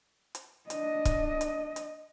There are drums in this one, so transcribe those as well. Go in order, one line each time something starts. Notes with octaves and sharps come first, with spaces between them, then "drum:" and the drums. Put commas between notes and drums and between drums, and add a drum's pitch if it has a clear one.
drum: hi-hat
D4 D#5, drum: hi-hat
drum: kick, hi-hat
drum: hi-hat
drum: hi-hat